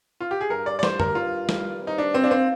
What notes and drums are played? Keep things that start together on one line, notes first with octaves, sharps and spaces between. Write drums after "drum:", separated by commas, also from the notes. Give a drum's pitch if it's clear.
F4
G4
G#4
G2 A#4
D5
D5
D#3 G3 C5, drum: snare
A#4, drum: tom F#2
G2 F4
D#3 G3, drum: snare
C3
D#4
D4
F3 A#3 C4 D#4
D4
C4